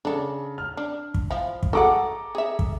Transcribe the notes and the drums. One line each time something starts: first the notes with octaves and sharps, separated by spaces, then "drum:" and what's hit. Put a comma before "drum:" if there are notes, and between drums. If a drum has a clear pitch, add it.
C#3 D4 A4
F6
D4
drum: kick
F3 E4
drum: kick
F#4 G#4 A4 F#5 A#5 D6
G#4 E5
drum: kick